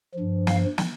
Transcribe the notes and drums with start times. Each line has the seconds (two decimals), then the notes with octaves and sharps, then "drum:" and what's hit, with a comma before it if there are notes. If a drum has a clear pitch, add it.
0.15 G2 F3
0.47 F5, drum: snare
0.78 drum: snare